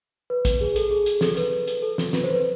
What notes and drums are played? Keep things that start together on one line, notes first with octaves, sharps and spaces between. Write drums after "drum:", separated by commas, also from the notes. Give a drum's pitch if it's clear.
B4
drum: kick, hi-hat
G#4
A4, drum: hi-hat
G#4
drum: hi-hat
A4, drum: snare
B4, drum: hi-hat
drum: hi-hat
A4
drum: snare
B4, drum: snare
C5
B4